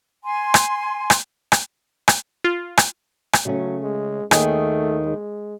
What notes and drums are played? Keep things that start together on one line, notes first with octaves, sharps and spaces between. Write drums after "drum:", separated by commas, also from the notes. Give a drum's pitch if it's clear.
G#5 C6
drum: rim click
drum: rim click
drum: rim click
drum: rim click
F4
drum: rim click
drum: rim click
C#3 F#3 A3 C#4
G#3
D#2 D#3 A3 G#4, drum: rim click
G#3